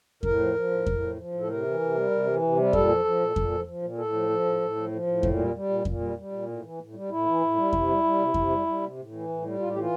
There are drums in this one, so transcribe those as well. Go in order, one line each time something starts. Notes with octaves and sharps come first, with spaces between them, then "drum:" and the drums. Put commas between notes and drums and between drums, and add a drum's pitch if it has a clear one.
A2 A#4, drum: kick F2
F3
F3
A2
A2, drum: kick F2
F3
F3
A2
A4
C3 A#4
E3
C3
G3
C3
E3
C3
G3
A#2 A4, drum: kick F2
F3
F3
A#2
A#2, drum: kick F2
F3
F3
A#2
A2 A4
F3
F3
A2
A2
F3
F3
A2
A#2, drum: kick F2
G3
G3
A#2
A#2, drum: kick F2
G3
G3
A#2
A2
E3
A2
G3
A2 E4
E3
A2
G3
C3, drum: kick F2
G3
G3
C3
C3, drum: kick F2
G3
G3
C3
A2
E3
A2
G3
A2 F4
G4
E3 F4